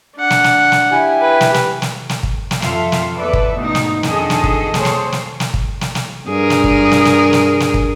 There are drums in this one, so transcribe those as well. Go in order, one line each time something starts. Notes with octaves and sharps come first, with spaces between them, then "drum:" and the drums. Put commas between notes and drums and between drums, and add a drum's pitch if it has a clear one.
D4 F#5
drum: snare
drum: snare
drum: snare
E4 G4 G#5
B4
drum: snare
drum: snare
drum: snare
drum: snare
drum: kick
drum: snare
F2 F4 A4 E5 F5, drum: snare
drum: snare
E2 A4 B4 D5 E5
drum: kick
G#2 B2 A3 D#4
drum: snare
F2 D#3 D4 G#4 A4 D#5, drum: snare
drum: snare
drum: kick
A#3 G#4 A4 C5 C#5, drum: snare
drum: snare
drum: snare
drum: snare
drum: kick
drum: snare
drum: snare
G2 G#4 A#4
drum: snare
drum: kick
drum: snare
drum: snare
drum: snare
drum: snare
drum: kick